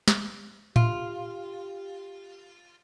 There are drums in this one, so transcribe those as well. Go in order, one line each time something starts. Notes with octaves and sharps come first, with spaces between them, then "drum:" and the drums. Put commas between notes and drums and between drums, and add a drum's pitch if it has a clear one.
drum: snare
F4 G4, drum: tom A2